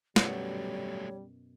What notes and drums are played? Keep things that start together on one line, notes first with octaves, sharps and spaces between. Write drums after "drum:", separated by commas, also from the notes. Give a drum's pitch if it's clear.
F#2 B2 F#3 G3 A3 C#5, drum: snare